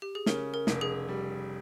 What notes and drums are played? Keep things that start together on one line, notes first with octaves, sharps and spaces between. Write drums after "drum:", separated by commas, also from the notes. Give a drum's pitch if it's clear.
G4
G#4
C#3 A#4, drum: snare
A#4
F1, drum: snare
G#4
G3